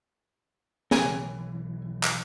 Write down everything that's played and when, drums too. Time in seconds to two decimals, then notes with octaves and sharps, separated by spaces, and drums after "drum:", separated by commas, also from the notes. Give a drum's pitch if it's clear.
0.91 B1 E3 A#4 C#5 G#5, drum: snare
2.03 drum: clap